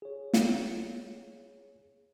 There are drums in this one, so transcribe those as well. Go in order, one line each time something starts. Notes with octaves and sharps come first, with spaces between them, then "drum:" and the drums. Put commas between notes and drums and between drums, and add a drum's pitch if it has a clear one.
G#4 C#5
drum: snare